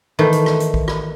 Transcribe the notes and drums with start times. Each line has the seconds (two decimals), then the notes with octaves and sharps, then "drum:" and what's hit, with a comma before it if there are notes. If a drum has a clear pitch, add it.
0.19 D#3 E3 A3
0.32 drum: hi-hat
0.46 drum: rim click
0.60 drum: hi-hat
0.74 drum: kick
0.88 drum: rim click